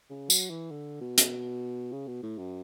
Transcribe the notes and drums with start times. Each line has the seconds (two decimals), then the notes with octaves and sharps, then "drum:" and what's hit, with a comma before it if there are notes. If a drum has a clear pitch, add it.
0.10 C#3
0.30 F#3, drum: tambourine
0.50 E3
0.71 D3
1.01 B2
1.18 drum: hi-hat
1.92 C#3
2.07 B2
2.23 A2
2.38 F#2